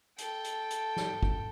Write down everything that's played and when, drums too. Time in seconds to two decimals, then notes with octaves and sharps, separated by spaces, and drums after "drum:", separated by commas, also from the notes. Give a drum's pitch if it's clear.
0.18 A4 G5, drum: hi-hat
0.44 drum: hi-hat
0.70 drum: hi-hat
0.97 drum: snare
1.23 drum: kick